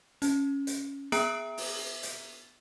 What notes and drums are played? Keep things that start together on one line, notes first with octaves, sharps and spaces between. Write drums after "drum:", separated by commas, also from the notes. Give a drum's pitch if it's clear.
C#4, drum: hi-hat
drum: hi-hat
B3 G#4 E5 A#5 D#6 D7, drum: hi-hat
drum: open hi-hat
drum: hi-hat